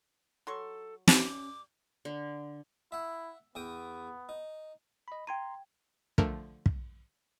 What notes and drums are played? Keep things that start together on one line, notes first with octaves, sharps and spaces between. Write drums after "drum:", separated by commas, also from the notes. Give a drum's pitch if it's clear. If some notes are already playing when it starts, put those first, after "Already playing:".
F#3 A4 C6 C#6
G3 C#4 D6, drum: snare
D3
E4 E5 F#5
E2 B3 G5 D#6
D#4
D#5 B5
G5 A#5 C6 G#6 D#7
D3 F3 A3 D4 A#4, drum: kick
drum: kick